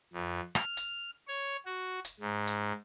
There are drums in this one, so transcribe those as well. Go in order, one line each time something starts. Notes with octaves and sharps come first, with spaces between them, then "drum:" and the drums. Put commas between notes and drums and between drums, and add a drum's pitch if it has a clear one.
F2
F6, drum: rim click
drum: hi-hat
C#5
F#4
drum: hi-hat
G#2
drum: hi-hat